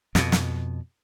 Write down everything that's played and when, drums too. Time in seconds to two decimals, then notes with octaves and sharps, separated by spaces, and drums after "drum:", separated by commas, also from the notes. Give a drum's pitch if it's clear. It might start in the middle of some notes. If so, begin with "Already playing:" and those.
0.15 F2 B2, drum: snare
0.32 drum: snare